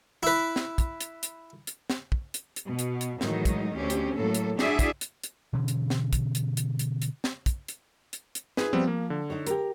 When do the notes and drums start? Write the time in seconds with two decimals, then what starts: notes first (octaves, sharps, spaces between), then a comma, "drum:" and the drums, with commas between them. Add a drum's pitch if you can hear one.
0.23 E4 B4
0.56 drum: snare
0.78 drum: kick, hi-hat
1.01 drum: hi-hat
1.23 drum: hi-hat
1.67 drum: hi-hat
1.90 drum: snare
2.12 drum: kick
2.34 drum: hi-hat
2.56 drum: hi-hat
2.66 B2
2.79 drum: hi-hat
3.01 drum: hi-hat
3.21 A2 D#3 E3 F#3 G#3 D#4, drum: snare
3.45 drum: kick, hi-hat
3.75 D2 C4 C#4 G4
3.90 drum: hi-hat
4.16 A2 F#3 A#3 A4
4.34 drum: hi-hat
4.59 D4 E4 F#4 G#4 D5 E5, drum: snare
4.79 drum: kick, hi-hat
5.01 drum: hi-hat
5.24 drum: hi-hat
5.53 B2 D3 E3 C#4
5.68 drum: hi-hat
5.90 drum: snare
6.13 drum: kick, hi-hat
6.35 drum: hi-hat
6.57 drum: hi-hat
6.79 drum: hi-hat
7.02 drum: hi-hat
7.24 drum: snare
7.46 drum: kick, hi-hat
7.68 drum: hi-hat
8.13 drum: hi-hat
8.35 drum: hi-hat
8.57 D#4 F4 G#4 B4, drum: snare
8.73 F3 G3 B3 C4
8.87 A#3
9.10 D3
9.30 D#4 C5 C#5
9.47 G4 A#4, drum: hi-hat